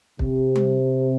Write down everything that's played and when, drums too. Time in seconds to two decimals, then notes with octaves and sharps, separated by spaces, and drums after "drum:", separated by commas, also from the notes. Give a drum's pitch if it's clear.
0.19 C3, drum: kick
0.55 drum: tom G3